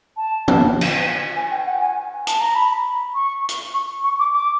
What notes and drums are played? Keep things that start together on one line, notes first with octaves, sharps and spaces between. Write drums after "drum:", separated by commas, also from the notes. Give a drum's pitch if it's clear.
A5
drum: tom
drum: cymbal
G#5
G5
F#5
G#5
A5, drum: hi-hat
A#5
B5
C#6
drum: hi-hat
C#6
C#6
D6
D6